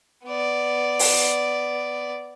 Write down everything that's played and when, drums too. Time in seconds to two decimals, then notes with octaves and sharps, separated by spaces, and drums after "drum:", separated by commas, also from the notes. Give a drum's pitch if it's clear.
0.25 B3 D5
0.99 drum: open hi-hat